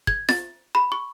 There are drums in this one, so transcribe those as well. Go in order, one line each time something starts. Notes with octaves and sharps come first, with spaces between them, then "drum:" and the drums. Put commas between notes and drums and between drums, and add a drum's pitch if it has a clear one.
G#6, drum: kick
A6, drum: snare F4
B5
C#6